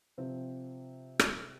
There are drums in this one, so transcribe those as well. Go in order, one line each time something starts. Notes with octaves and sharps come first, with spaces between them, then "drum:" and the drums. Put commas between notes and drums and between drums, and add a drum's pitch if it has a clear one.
C3 F3 C4
drum: rim click